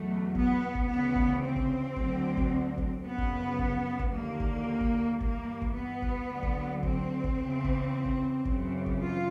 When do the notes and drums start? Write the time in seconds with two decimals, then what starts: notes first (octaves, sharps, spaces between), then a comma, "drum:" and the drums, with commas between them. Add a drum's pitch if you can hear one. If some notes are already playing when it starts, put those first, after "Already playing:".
Already playing: E2 B2 F#3 A3
0.35 B3, drum: kick G1
0.75 drum: kick G1
0.89 D2 C#3 E3 B3
1.15 drum: kick G1
1.42 C4
1.56 drum: kick G1
1.96 D2 D3 F#3, drum: kick G1
2.37 drum: kick G1
2.78 drum: kick G1
3.05 F#2 C#3 F3 B3
3.18 drum: kick G1
3.59 drum: kick G1
3.99 drum: kick G1
4.12 D#2 D3 F3 A#3
4.40 drum: kick G1
4.80 drum: kick G1
5.20 G2 E3 A#3, drum: kick G1
5.62 drum: kick G1
5.75 B3
6.02 drum: kick G1
6.30 D2 D3 F#3
6.43 drum: kick G1
6.83 C4, drum: kick G1
7.24 drum: kick G1
7.37 E2 C#3 E3
7.64 drum: kick G1
8.05 drum: kick G1
8.45 F#2 C#3 E3, drum: kick G1
8.86 drum: kick G1
9.00 F4